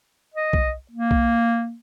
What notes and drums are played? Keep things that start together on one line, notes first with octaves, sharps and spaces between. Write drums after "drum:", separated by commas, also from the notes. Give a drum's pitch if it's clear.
D#5
drum: kick
A#3
drum: kick